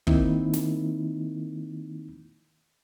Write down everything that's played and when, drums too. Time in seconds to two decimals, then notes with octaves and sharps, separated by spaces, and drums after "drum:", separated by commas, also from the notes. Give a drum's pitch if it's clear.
0.07 D#3 A#3 C4 D#4 E4, drum: kick
0.53 drum: snare